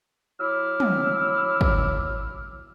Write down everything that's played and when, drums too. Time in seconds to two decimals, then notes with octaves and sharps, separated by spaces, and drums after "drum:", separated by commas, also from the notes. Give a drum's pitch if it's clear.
0.40 F#3 E4 D6 E6 F6
0.80 drum: tom
1.61 drum: kick